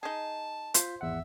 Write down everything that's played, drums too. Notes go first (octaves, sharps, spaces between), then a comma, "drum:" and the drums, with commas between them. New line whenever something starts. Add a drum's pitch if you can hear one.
D#4 G#4 A5
F4 C5 G6 B6, drum: hi-hat
G#1 E2 E5 F#5